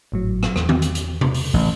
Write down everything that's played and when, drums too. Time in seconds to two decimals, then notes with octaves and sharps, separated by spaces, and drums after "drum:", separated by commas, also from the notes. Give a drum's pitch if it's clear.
0.12 G#1 A2 F#3
0.43 drum: rim click
0.56 E2, drum: rim click
0.69 drum: tom D#3
0.82 drum: hi-hat
0.95 drum: hi-hat
1.21 drum: tom C3
1.34 drum: open hi-hat
1.54 A1